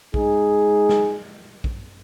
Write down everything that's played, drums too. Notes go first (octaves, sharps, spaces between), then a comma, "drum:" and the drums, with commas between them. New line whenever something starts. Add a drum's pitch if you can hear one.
G#3 D#4 G#4, drum: kick A#1
drum: snare
drum: kick A#1